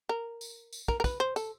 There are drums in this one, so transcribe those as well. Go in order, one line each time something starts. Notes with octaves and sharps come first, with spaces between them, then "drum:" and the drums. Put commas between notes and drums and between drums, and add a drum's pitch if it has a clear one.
A#4
drum: tambourine
drum: tambourine
A#4, drum: kick
A#4
B4, drum: kick, tambourine
C5
A4, drum: tambourine